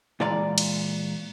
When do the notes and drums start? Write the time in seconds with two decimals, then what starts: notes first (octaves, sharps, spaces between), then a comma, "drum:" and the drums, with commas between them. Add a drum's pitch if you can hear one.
0.20 A#2 E3 G#3 D5 F5 A#5
0.58 drum: cymbal